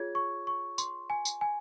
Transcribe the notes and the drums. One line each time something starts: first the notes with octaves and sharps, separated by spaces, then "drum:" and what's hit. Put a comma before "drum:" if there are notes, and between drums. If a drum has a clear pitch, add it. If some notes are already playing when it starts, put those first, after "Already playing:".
Already playing: F4 G#4 C#5 G#6
C#6
C#6
C6, drum: tambourine
G#5
drum: tambourine
G#5